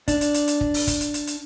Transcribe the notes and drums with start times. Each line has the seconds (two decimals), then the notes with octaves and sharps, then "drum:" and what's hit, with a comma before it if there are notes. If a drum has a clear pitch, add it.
0.08 D4, drum: kick, hi-hat
0.21 drum: hi-hat
0.34 drum: hi-hat
0.48 drum: hi-hat
0.61 drum: kick
0.74 drum: open hi-hat
0.87 drum: kick, hi-hat
1.01 drum: hi-hat
1.14 drum: hi-hat
1.27 drum: hi-hat